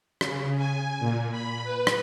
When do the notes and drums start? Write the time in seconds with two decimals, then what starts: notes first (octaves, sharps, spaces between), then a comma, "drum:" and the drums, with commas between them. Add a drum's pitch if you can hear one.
0.21 C#3, drum: rim click
0.57 G#5
1.00 A#2
1.31 B5
1.64 B4
1.87 drum: rim click